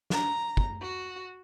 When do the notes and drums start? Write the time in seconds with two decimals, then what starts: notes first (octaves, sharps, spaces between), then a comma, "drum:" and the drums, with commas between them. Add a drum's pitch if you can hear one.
0.10 A#5, drum: snare
0.57 drum: kick
0.81 F#4